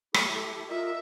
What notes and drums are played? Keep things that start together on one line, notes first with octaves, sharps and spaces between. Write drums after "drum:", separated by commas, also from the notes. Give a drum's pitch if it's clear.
E4 G4 A4, drum: rim click
F4 A#4 D#5 E5